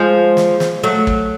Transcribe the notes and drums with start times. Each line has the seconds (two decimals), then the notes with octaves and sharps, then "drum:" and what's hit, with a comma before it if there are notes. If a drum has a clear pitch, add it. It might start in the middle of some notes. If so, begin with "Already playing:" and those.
Already playing: F3 G#3
0.37 drum: snare
0.60 drum: snare
0.83 F#3 A3
1.07 drum: kick